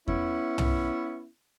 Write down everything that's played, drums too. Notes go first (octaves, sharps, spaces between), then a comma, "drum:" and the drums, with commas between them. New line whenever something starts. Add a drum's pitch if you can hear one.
B3 C#4 E4, drum: kick E2
drum: tom